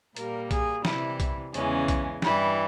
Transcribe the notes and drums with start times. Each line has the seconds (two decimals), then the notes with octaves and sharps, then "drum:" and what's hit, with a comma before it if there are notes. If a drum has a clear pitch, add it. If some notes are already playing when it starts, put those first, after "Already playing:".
0.16 A#2 G3 A#3 A#4, drum: hi-hat
0.51 G#4, drum: kick B1, hi-hat
0.85 C3 E3 G3 E4, drum: snare
1.20 drum: kick B1, hi-hat
1.54 E2 C#3 E3 G#3 C#4, drum: hi-hat
1.88 drum: kick B1, hi-hat
2.22 G2 E3 G3 E4, drum: snare